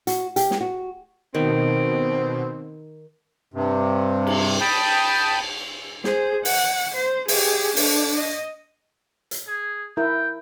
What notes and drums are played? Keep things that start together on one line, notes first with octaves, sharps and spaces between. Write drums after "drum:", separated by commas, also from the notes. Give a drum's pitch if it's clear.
F#4, drum: hi-hat
G4, drum: hi-hat
drum: snare
F#4
B2 D#3 C4
G2 C3
drum: cymbal
G5 A5 B5 D#6 G6
G#4 C5, drum: snare
F#5, drum: open hi-hat
C5
G4 G#4, drum: open hi-hat
D4 A4, drum: open hi-hat
D#5
drum: hi-hat
G#4
E4 A#4 G5